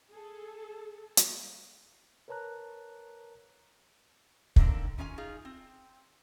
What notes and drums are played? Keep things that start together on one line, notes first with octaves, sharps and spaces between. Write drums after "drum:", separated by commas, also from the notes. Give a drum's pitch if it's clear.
G#4 A4
drum: hi-hat
A#4 B4 C#5 A5 A#5 F#6
D3 D#3 A#3 C4 D4, drum: kick
D#3 C#4 F4 D#5 G#5
D#4 F4 G#4
C4